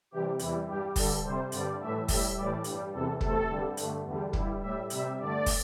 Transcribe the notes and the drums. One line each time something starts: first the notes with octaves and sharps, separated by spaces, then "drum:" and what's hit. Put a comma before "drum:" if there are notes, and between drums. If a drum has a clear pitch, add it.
C3 E3 G3 G4
E2 E3 G3 E4, drum: hi-hat
G2 G3 G4
G2 D3 G3 A4, drum: kick, open hi-hat
C3 G3 C5
G2 D3 G3 D5, drum: hi-hat
A2 E3 A3 E5
A2 G3 E5, drum: kick, open hi-hat
A2 E3 G3 D5
G2 G3, drum: hi-hat
E2 C3 E3 A4
E2 C3 A3 A4, drum: kick
G2 D3 G3
G2 D3 A3, drum: hi-hat
E2 D3 G3
G2 G3 E4, drum: kick
A2 G3 E5
C3 G3 E5, drum: hi-hat
G2 D3 A3 D5
drum: kick, open hi-hat